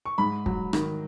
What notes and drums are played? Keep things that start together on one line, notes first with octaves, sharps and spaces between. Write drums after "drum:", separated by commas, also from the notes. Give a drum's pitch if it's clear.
C#6
G#2 B5
F#3, drum: kick
D#3, drum: rim click